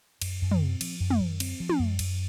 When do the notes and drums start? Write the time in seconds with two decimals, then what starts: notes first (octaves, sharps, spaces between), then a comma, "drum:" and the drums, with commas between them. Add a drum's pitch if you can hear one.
0.22 F#2, drum: cymbal
0.42 F#2
0.51 drum: tom
0.61 C4
0.81 F3, drum: cymbal
1.00 F#2
1.10 drum: tom
1.20 F#2
1.40 C4, drum: cymbal
1.60 F3
1.69 drum: tom
1.79 F#2
1.99 F#2, drum: cymbal